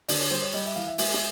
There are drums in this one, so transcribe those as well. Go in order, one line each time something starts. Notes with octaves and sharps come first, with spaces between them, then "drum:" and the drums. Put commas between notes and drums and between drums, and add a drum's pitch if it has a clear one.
D3 D5, drum: open hi-hat
C#5
G3 C5
C#5
G3 D#5
E5
E3 F5
E5
G#3 E5, drum: open hi-hat
drum: snare